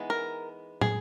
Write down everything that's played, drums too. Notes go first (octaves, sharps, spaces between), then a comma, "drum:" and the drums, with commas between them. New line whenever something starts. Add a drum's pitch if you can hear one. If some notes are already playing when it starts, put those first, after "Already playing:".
Already playing: E3 G#3 B3 D#4
A#4
G#4, drum: tom